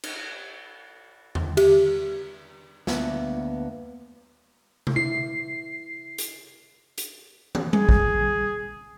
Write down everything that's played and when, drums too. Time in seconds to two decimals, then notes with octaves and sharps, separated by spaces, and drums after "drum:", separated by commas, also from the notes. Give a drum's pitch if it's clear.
0.03 drum: cymbal
1.35 drum: tom E2
1.57 G4, drum: cymbal
2.87 D2 A#3 B3 B4 E5, drum: snare
4.87 drum: tom C3
4.96 E4 C7
6.18 drum: hi-hat
6.98 drum: hi-hat
7.55 drum: tom
7.73 G#4, drum: tom G3
7.89 drum: kick